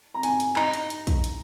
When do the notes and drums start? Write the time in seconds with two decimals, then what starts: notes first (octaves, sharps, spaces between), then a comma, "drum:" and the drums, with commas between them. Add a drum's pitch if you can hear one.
0.14 A#5
0.23 G#5, drum: hi-hat
0.40 drum: hi-hat
0.56 D#4 A#5, drum: clap
0.74 drum: hi-hat
0.90 drum: hi-hat
1.07 drum: kick, hi-hat
1.24 drum: hi-hat